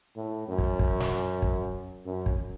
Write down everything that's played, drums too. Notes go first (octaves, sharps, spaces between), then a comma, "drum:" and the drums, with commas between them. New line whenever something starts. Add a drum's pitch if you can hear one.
A2
F#2
drum: kick
drum: kick
drum: snare
drum: kick
F#2
drum: kick